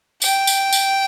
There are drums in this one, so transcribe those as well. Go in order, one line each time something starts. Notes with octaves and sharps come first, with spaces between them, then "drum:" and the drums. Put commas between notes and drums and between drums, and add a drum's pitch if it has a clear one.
G5, drum: tambourine
drum: tambourine
drum: tambourine